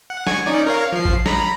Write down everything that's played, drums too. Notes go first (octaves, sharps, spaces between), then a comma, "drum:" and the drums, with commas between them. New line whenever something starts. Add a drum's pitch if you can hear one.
F#5
G#5 C#6 G#6, drum: snare
C#4 D#4 D5
A#4 C#5 F5
F3 C7
drum: kick A1
A#5 B5, drum: snare